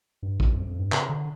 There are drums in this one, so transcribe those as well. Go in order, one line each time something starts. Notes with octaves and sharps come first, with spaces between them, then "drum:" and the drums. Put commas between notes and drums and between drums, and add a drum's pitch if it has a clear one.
G2
drum: kick A#1
F2
F2
G2
C#3, drum: clap
D3